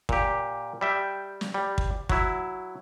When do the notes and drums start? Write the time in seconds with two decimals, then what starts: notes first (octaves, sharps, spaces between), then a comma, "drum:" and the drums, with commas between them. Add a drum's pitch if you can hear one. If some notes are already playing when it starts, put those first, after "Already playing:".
0.09 A#2 G4, drum: kick
0.81 G3 E5 G5
1.41 drum: snare
1.54 G3
1.78 drum: kick
2.09 F#3 E4, drum: kick